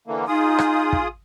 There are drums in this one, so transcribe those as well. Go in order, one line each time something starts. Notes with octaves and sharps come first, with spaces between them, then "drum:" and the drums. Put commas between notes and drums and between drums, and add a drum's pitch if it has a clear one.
D3 E3 A#3
D#4 F4 G#4 D#6
drum: rim click
drum: kick